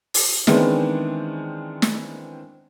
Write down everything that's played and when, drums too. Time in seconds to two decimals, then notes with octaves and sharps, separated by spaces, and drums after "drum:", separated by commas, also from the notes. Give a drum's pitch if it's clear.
0.14 drum: open hi-hat
0.47 D#3 E3 G#3 B3 C4 D4, drum: snare
1.82 drum: snare